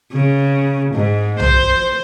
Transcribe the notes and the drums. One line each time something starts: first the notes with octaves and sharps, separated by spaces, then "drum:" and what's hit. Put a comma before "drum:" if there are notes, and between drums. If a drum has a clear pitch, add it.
C#3
G#2
C5, drum: tom B1